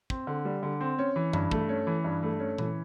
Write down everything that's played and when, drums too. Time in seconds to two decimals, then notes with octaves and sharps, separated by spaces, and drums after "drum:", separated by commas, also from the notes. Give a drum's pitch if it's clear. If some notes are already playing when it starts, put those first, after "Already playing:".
0.10 C4, drum: kick
0.27 D3
0.45 G3
0.63 D3
0.81 C4
0.99 C#4
1.16 E3
1.33 G2, drum: tom F#2
1.51 A3, drum: kick
1.69 C#4
1.87 E3
2.04 G2
2.23 A3
2.40 C#4
2.58 E3, drum: tom A#2